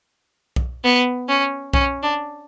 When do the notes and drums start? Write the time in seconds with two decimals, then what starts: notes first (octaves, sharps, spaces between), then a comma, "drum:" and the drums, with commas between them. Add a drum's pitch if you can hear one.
0.56 drum: kick B1
0.84 B3
1.29 C#4
1.74 C#4, drum: kick B1
2.03 D4